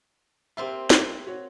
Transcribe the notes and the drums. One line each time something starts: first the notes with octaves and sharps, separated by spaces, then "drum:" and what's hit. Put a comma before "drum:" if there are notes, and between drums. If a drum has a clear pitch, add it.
A#3 C4 F4 G4 C5 E5
drum: snare
F#4 C#5